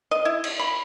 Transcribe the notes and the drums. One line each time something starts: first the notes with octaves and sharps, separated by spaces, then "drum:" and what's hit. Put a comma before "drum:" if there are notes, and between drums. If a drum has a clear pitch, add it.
D#5
E4
drum: cymbal
B5